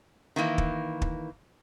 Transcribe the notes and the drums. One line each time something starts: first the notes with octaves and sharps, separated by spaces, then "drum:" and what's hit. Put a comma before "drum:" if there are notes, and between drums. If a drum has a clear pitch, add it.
D#3 E3 A#3 E4
drum: kick
drum: kick